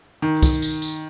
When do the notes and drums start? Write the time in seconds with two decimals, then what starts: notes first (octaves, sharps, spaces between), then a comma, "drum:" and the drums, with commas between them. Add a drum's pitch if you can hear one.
0.22 D#3
0.43 drum: kick, tambourine
0.62 drum: tambourine
0.82 drum: tambourine